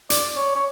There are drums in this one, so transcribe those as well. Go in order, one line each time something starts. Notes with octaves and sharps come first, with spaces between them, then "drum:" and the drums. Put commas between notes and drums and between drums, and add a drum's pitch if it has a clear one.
D5, drum: hi-hat
C#5
C#5